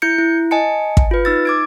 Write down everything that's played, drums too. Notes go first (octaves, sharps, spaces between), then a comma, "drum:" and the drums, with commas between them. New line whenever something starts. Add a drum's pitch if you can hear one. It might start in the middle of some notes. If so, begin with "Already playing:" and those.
E4 G6 C#7
E4
D#5 G#5 A5 C#7
drum: kick
F4 B4
D#4 E6 A6
D6 G#6 D7